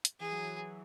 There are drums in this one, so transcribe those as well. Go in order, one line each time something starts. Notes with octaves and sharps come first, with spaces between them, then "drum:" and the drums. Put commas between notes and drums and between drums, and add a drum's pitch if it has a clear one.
drum: hi-hat
E3 G#4
F#3
E3